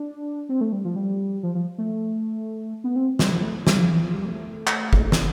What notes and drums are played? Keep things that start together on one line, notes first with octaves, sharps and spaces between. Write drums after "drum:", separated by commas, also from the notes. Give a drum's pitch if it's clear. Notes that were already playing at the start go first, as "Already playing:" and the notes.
Already playing: D4
C4
A3
G3
F3
G3
F3
F3
A3
B3
C4
G3, drum: snare
F3
A3
G3, drum: snare
F3
E3
F3
G3
A3
drum: clap
drum: kick F#1
drum: snare